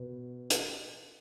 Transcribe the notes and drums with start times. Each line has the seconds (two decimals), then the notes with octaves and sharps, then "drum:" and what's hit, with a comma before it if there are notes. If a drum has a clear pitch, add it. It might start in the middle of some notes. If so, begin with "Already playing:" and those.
Already playing: B2
0.50 drum: hi-hat